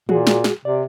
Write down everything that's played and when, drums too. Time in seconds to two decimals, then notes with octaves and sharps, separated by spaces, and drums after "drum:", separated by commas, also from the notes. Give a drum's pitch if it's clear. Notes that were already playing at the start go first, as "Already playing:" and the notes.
0.09 A#2 F#4 G#4, drum: tom D#3
0.27 drum: snare
0.44 drum: snare
0.65 C3 D5